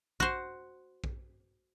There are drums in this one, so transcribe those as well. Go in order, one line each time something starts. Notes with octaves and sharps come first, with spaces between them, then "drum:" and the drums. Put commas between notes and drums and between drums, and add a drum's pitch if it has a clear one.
F#4 C5, drum: kick A#1
drum: kick A#1